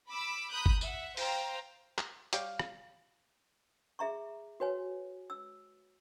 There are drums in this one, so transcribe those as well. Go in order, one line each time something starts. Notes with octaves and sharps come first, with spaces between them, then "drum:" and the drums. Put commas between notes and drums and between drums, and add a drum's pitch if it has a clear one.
B5 D6 E6
A#5 B5 D#6 F#6 G6
drum: kick G1
E5 F#5, drum: tambourine
C5 F5 G5 A#5, drum: open hi-hat
drum: clap
G3 G4 C#5 F5, drum: hi-hat
drum: rim click
G#4 E5 A#5 C#6
F#4 B4 C#5 G#5
E6